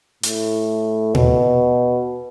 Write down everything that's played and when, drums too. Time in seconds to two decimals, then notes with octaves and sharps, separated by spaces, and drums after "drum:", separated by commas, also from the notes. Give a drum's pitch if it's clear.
0.23 A2, drum: hi-hat
1.15 B2, drum: tom A#2